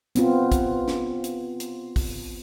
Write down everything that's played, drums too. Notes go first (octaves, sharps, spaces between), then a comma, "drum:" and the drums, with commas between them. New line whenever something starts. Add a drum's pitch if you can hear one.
B3 C4 F4, drum: hi-hat
drum: kick, hi-hat
drum: snare
drum: hi-hat
drum: hi-hat
drum: kick, open hi-hat